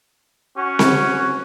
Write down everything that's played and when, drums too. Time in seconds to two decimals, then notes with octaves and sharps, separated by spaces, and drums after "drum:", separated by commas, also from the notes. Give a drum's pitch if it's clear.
0.57 C#4 F#4
0.79 drum: snare C4